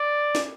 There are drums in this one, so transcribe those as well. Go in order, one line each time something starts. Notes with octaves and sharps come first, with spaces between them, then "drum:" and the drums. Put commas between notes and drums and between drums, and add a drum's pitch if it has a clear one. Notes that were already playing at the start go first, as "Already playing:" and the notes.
Already playing: D5
drum: snare